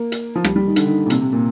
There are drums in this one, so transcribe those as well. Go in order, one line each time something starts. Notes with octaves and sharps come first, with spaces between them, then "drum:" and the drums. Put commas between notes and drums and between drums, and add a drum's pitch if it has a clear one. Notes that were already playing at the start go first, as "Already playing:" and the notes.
Already playing: A#3
drum: hi-hat
F3
G3, drum: rim click
G3
D#3
D3, drum: hi-hat
D#3
A#2
C3, drum: hi-hat
C3
A#2